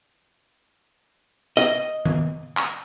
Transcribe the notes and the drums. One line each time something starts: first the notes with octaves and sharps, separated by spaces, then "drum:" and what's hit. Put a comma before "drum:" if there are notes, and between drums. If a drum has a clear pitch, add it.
D#5, drum: rim click
drum: tom D#3
drum: clap